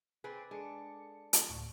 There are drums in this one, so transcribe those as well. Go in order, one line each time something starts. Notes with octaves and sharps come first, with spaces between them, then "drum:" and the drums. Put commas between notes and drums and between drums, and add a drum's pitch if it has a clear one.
C4 G#4 B4 D5
G#3 D4 A4 C#7
drum: hi-hat
D2 A2 C#6